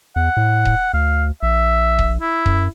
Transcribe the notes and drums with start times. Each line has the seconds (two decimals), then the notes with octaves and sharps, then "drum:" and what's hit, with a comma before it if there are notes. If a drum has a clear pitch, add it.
0.16 E2 F#5
0.37 A2
0.65 drum: kick D#1
0.94 D2 F5
1.43 A#1 E5
1.99 drum: kick D#1
2.21 E4
2.46 F#2, drum: kick D#1